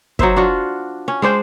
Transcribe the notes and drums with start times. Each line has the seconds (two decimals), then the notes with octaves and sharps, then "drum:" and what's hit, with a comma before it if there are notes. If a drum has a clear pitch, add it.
0.19 F#3 D#4 C5 E5, drum: kick
0.36 D4 F4 F#4
1.08 C#4
1.22 G#3 D4 C5 G5